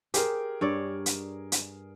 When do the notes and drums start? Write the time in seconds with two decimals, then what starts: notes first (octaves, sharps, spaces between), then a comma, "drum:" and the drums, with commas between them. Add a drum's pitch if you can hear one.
0.14 G4 G#4 A#4 C5, drum: hi-hat
0.61 G2 C#5 D5
1.06 drum: hi-hat
1.52 drum: hi-hat